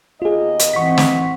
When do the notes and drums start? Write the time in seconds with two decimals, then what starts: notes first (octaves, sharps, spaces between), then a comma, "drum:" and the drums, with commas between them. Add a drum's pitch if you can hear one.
0.22 D#2 B3 F4 G#4 D#5
0.60 drum: hi-hat
0.74 E3 C4 F#5 C#6 B6
0.98 drum: snare